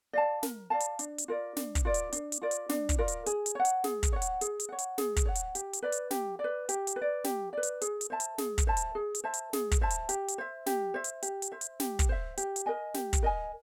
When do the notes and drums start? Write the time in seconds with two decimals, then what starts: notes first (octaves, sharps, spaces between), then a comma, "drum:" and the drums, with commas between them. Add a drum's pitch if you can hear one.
0.13 D5 F5 A5
0.43 A#4, drum: snare
0.70 D5 F5 A5
0.80 drum: hi-hat
0.99 D4, drum: hi-hat
1.18 drum: hi-hat
1.28 F4 A#4 D5
1.56 D4, drum: snare
1.75 drum: kick, hi-hat
1.85 F4 A#4 D5
1.94 drum: hi-hat
2.12 D4, drum: hi-hat
2.32 drum: hi-hat
2.42 F4 A#4 D5
2.51 drum: hi-hat
2.69 D4, drum: snare
2.89 drum: kick, hi-hat
2.99 F4 A#4 D5
3.08 drum: hi-hat
3.26 G#4, drum: hi-hat
3.46 drum: hi-hat
3.55 C#5 F#5
3.65 drum: hi-hat
3.84 G#4, drum: snare
4.03 drum: kick, hi-hat
4.13 C#5 F#5
4.22 drum: hi-hat
4.41 G#4, drum: hi-hat
4.60 drum: hi-hat
4.69 C#5 F#5
4.79 drum: hi-hat
4.98 G#4, drum: snare
5.16 drum: kick, hi-hat
5.25 C#5 F#5
5.35 drum: hi-hat
5.55 G4, drum: hi-hat
5.73 drum: hi-hat
5.82 B4 D5
5.92 drum: hi-hat
6.11 G4, drum: snare
6.39 D5
6.44 B4
6.69 G4, drum: hi-hat
6.87 drum: hi-hat
6.96 B4
7.02 D5
7.24 G4, drum: snare
7.53 B4 D5
7.63 drum: hi-hat
7.81 G#4, drum: hi-hat
8.01 drum: hi-hat
8.10 C5 E5 A5
8.20 drum: hi-hat
8.38 G#4, drum: snare
8.58 drum: kick, hi-hat
8.67 C5 E5 A5
8.77 drum: hi-hat
8.95 G#4
9.15 drum: hi-hat
9.24 C5 E5 A5
9.34 drum: hi-hat
9.53 G#4, drum: snare
9.71 drum: kick, hi-hat
9.81 C5 E5 A5
9.90 drum: hi-hat
10.09 G4, drum: hi-hat
10.28 drum: hi-hat
10.38 C5 E5
10.66 G4, drum: snare
10.94 C5 E5
11.04 drum: hi-hat
11.23 G4, drum: hi-hat
11.42 drum: hi-hat
11.52 C5 E5
11.61 drum: hi-hat
11.80 G4, drum: snare
11.99 drum: kick, hi-hat
12.09 C5 E5
12.37 G4, drum: hi-hat
12.56 drum: hi-hat
12.66 A#4 D#5 G#5
12.94 G4, drum: snare
13.13 drum: kick, hi-hat
13.23 A#4 D#5 G#5